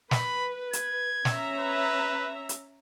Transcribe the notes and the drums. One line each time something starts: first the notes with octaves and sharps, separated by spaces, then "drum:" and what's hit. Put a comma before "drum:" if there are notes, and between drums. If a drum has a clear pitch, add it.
B4 B5, drum: snare
G#6, drum: hi-hat
C#4 E5 A#5, drum: snare
B4
drum: hi-hat